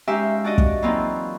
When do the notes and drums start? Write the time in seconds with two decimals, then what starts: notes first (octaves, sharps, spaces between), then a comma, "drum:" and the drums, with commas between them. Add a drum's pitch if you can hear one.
0.08 G#3 C#4 D#4 G4 E5 F5
0.44 D4 F#4 D5 D#5
0.58 drum: kick
0.82 E3 F#3 A#3 C4 D#4 F4